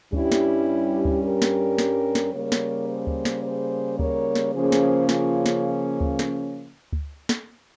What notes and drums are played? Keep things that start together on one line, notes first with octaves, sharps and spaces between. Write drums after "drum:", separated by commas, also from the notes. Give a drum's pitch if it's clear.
G2 G3 C#4 E4 G4, drum: kick D2
drum: snare
drum: kick D2
G4 A#4
drum: snare
drum: snare
drum: snare
C#3 G3 A#3 A#4 C#5
drum: snare
G#4 C5
drum: kick D2
drum: snare
G#4 C5
A#4 C#5, drum: kick D2
drum: snare
C#3 F3 A#3 C#4 G#4 C5
drum: snare
F4, drum: snare
drum: snare
drum: kick D2
drum: snare
drum: kick D2
drum: snare